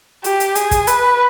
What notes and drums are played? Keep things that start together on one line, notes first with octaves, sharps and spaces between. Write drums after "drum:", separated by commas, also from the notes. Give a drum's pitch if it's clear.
G4, drum: hi-hat
drum: hi-hat
G#4, drum: hi-hat
drum: kick, hi-hat
B4, drum: hi-hat